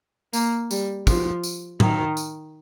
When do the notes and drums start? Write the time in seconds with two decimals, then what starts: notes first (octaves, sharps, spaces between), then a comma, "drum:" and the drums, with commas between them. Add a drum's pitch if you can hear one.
0.33 A#3, drum: tambourine
0.71 G3, drum: tambourine
1.07 F3, drum: kick, tambourine
1.43 drum: tambourine
1.80 D#3, drum: tom A2
2.17 drum: tambourine